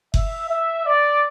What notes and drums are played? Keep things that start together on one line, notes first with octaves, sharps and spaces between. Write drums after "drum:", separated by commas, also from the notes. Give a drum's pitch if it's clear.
E5, drum: kick F#1
E5
D5